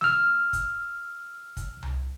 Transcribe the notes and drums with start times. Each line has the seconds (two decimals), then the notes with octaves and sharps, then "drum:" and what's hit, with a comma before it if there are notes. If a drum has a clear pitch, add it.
0.01 E6 F6, drum: snare
0.53 drum: kick, hi-hat
1.57 drum: kick, hi-hat
1.83 drum: tom C2